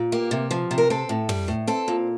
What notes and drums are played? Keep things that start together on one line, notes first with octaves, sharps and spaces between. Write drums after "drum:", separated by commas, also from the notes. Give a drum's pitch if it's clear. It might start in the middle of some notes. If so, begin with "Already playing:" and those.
Already playing: A#2
A#3 G4
C3
F3
C3
A#4
C4 A4
A2
G3, drum: tom
A2
C4 A4
A#2